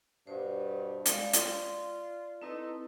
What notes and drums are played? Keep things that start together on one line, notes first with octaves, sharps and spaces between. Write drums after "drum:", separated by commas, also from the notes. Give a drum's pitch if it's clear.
G2 B2 C5
G#3 D5 F5, drum: hi-hat
F4 D5, drum: hi-hat
C4 D#4 E4 A4 B4